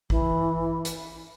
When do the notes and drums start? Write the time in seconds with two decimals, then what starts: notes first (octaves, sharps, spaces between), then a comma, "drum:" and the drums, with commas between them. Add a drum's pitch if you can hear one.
0.10 E3, drum: kick A1
0.85 drum: hi-hat